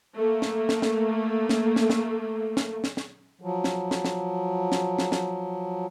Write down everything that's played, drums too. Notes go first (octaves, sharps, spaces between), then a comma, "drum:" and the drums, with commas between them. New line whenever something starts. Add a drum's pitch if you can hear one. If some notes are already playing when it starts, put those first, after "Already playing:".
A3 A#3
drum: snare
drum: snare
drum: snare
drum: snare
drum: snare
drum: snare
drum: snare
drum: snare
drum: snare
F3 F#3
drum: snare
drum: snare
drum: snare
drum: snare
drum: snare
drum: snare